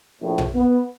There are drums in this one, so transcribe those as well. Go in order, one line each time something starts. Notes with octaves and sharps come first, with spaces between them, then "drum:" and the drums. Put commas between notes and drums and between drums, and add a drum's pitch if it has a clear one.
A#1 A2
drum: tom
B3